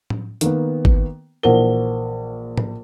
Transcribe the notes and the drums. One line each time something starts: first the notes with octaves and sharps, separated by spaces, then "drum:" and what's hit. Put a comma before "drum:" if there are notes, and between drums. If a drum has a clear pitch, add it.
drum: tom A2
D#3 A#3 B3, drum: hi-hat
drum: kick
A#1 E3 A#4 C5 F#5 G7
drum: tom A2